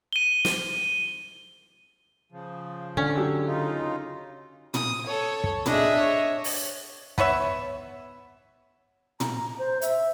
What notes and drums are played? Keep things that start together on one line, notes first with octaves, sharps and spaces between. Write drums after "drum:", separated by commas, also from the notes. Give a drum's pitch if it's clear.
D#7 G7
drum: snare
C#3 F3
D3 C#4
F#3 G4 E6
C#3 D#4 F4
D#6, drum: tom
A4 C#5
drum: kick
D4 G#4 D#5 E5, drum: tom
C#5
drum: open hi-hat
B3 B4 C#5 E5, drum: kick
A#5, drum: tom
C5
E5, drum: hi-hat